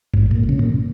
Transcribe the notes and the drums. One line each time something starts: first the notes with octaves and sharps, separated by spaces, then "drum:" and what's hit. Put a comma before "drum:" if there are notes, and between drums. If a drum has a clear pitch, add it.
G#2, drum: kick
A#2
C#3
A#2